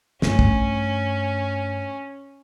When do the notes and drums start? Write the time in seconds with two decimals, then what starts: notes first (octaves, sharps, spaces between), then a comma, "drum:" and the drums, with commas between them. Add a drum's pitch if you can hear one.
0.22 G2 A3 C#4, drum: snare
0.39 drum: kick